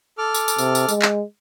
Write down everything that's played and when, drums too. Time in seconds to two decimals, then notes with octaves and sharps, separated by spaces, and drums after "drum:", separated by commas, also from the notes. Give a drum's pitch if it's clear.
0.18 A4 D6 F6
0.34 drum: tambourine
0.48 drum: tambourine
0.58 C3, drum: tambourine
0.75 drum: tambourine
0.89 G#3, drum: tambourine
1.02 drum: clap